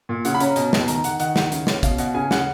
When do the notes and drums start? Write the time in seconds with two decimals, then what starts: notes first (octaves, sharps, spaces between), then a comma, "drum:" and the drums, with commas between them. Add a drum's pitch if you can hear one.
0.09 A#2
0.25 C#3 F#5, drum: hi-hat
0.34 B5
0.40 C#4 A#5, drum: hi-hat
0.56 B2, drum: hi-hat
0.73 B2, drum: snare
0.88 D#3 A#5, drum: hi-hat
1.04 D#3 F#5, drum: hi-hat
1.20 D#3 F#5, drum: hi-hat
1.36 D#3, drum: snare
1.52 C#3, drum: hi-hat
1.67 C#4, drum: snare
1.83 B2 F5, drum: kick, hi-hat
1.98 B2 F#5, drum: hi-hat
2.14 C#3 G#5
2.31 C#3 F#5, drum: snare